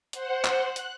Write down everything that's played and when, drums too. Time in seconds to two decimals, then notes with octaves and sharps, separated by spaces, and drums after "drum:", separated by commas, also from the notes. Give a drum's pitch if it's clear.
0.13 C5 F#5, drum: hi-hat
0.45 drum: clap
0.62 F#6
0.76 drum: hi-hat